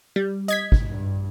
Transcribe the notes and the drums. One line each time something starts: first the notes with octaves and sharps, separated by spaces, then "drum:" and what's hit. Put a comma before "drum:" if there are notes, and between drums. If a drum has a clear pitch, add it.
G3
D#5 G#6 B6, drum: hi-hat
drum: kick
G2